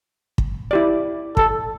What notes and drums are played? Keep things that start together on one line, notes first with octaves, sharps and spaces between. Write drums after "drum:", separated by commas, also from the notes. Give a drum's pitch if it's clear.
drum: kick
E4 G4 D5
A4, drum: kick